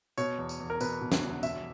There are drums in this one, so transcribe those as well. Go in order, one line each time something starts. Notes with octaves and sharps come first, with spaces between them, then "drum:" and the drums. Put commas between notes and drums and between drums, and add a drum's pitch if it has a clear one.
B2 C#5, drum: tambourine
E2
drum: tambourine
E2
A#4
B2 B4, drum: tambourine
B2
drum: snare
E2
B2 E5, drum: tambourine